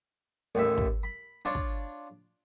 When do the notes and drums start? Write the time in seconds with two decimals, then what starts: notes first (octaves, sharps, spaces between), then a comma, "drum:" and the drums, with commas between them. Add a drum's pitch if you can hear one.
0.55 A1 D#2 E5
0.78 drum: kick
1.03 B5
1.45 D4 F4 C#5 D5 C6
1.55 drum: kick